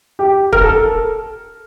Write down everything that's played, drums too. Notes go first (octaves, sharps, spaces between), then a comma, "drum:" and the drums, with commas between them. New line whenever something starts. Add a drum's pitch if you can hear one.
G4
A#4, drum: kick
A4